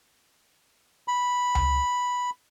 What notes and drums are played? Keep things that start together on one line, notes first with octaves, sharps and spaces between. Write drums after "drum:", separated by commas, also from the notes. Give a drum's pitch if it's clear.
B5
drum: tom C#2